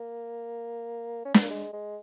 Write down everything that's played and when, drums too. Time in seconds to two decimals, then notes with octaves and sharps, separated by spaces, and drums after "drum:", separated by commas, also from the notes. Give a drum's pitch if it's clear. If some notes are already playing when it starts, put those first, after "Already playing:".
Already playing: A#3
1.25 C#4
1.34 B3, drum: snare
1.42 A#3
1.50 G#3
1.73 G#3